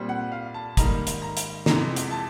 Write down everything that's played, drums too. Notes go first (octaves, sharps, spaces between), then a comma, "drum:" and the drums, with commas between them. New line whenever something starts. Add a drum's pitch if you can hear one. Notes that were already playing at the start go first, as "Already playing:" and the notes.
Already playing: A#2 G3 C4
F#5
F5
A5
G#2 D#3 G3 A#3 A#5, drum: kick, hi-hat
drum: hi-hat
A#5
drum: hi-hat
F2 C3 E3 G#3 A#5, drum: snare
drum: hi-hat
A5